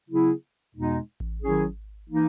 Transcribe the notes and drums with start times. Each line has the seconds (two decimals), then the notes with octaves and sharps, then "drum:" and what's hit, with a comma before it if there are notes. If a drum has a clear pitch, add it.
0.08 C#3 F#3 B3 E4 G#4
0.75 E2 B2 G#3 B3 D#4
1.20 drum: kick A1
1.42 D#3 F#3 C#4 E4 G#4
2.08 E3 A#3 D#4